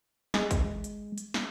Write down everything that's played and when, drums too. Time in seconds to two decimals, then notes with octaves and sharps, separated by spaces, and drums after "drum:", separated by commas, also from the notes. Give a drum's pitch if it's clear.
0.34 G#3, drum: snare
0.51 drum: kick, hi-hat
0.84 drum: hi-hat
1.18 drum: hi-hat
1.34 drum: snare